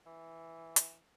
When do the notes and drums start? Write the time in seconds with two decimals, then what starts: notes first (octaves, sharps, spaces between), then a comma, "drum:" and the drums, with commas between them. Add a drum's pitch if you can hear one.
0.06 E3
0.76 drum: hi-hat